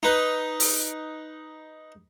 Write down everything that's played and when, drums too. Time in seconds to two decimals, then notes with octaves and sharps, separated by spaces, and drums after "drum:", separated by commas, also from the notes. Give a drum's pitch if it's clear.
0.03 D#4 B4
0.60 drum: open hi-hat